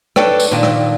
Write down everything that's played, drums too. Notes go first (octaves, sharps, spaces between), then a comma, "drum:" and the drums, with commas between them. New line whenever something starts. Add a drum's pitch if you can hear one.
D4 A4 B4 C#5 D5 G5, drum: rim click
drum: tambourine
A#2 D#3 D4
drum: rim click